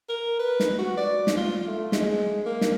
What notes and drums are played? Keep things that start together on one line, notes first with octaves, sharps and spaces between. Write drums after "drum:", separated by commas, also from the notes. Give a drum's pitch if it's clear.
A#4
B4
drum: snare
F#4
D5
drum: snare
F4
A3
G#3, drum: snare
A#3
drum: snare